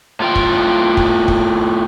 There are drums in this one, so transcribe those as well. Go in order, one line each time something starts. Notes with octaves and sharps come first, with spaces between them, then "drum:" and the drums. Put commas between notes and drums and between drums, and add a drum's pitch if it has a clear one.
A2 F4 G5
drum: kick
drum: kick
drum: kick